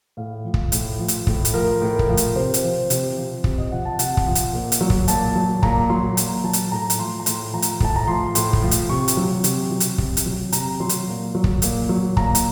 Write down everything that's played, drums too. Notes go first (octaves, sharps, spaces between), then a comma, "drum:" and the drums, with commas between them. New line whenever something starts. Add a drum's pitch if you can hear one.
A2 F5
F3
drum: kick
A2, drum: hi-hat
F3
drum: hi-hat
A2, drum: kick
drum: hi-hat
F3 A#4
A2
drum: kick
F3
drum: hi-hat
C3 C5
drum: hi-hat
F3
C3, drum: hi-hat
F3
C3, drum: kick
D#5
F3 F#5
A5
C3 F#5, drum: hi-hat
drum: kick
F3
drum: hi-hat
A#2
drum: hi-hat
F#3
drum: kick
A#2 A5, drum: hi-hat
F#3
A#2 A#5, drum: kick
F#3 C6
A#2 A#5, drum: hi-hat
F#3 A5
drum: hi-hat
A2 A#5
drum: hi-hat
F3 C6
A#5
A2 C6, drum: hi-hat
F3 A#5
drum: hi-hat
A2 A5, drum: kick
A#5
F3 C6
A2 C6, drum: hi-hat
drum: kick
F3
drum: hi-hat
C3 C#6
drum: hi-hat
F#3
C3, drum: hi-hat
F#3
drum: hi-hat
C3, drum: kick
drum: hi-hat
F#3
C3 A#5, drum: hi-hat
F#3 C6
drum: hi-hat
A#2
F#3
drum: kick
A#2, drum: hi-hat
F#3
A#2 A#5, drum: kick
drum: hi-hat